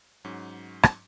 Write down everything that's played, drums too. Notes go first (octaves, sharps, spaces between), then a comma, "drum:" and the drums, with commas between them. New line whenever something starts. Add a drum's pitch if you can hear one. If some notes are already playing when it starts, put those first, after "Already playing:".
G#2 F#3 C#4
drum: rim click